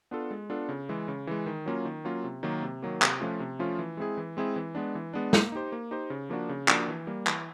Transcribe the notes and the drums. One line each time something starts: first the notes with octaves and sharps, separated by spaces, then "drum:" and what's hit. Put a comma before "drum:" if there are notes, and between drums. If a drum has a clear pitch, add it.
B3 D4 F4 A4
G#3
B3 D4 F4 A4
C#3
E3 G#3
C#3
E3 G#3
D#3
F#3 A#3 C#4 F4
D#3
F#3 A#3 C#4 F4
C3
D#3 F#3 A#3
C3
D#3 F#3 A#3
C3, drum: clap
F3 A3 C#4 F4
C3
F3 A3 C#4 F4
E3
G#3 C4 E4 G#4
E3
G#3 C4 E4 G#4
E3
G#3 B3 D4
E3
G#3 B3 D4
A#3, drum: snare
D#4 G4 C5
A#3
D#4 G4 C5
C#3
F3 A#3 D4 F#4
C#3
F3 A#3 D4 F#4, drum: clap
E3
G3 A#3
E3, drum: clap